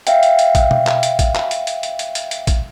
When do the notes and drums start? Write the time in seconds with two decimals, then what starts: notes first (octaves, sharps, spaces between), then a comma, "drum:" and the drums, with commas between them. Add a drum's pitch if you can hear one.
0.07 E5 F5 G5, drum: hi-hat
0.23 drum: hi-hat
0.39 drum: hi-hat
0.55 drum: kick, hi-hat
0.71 drum: tom B2
0.87 drum: clap
1.03 drum: hi-hat
1.19 drum: kick, hi-hat
1.35 drum: clap
1.51 drum: hi-hat
1.67 drum: hi-hat
1.83 drum: hi-hat
1.99 drum: hi-hat
2.15 drum: hi-hat
2.31 drum: hi-hat
2.47 drum: kick, hi-hat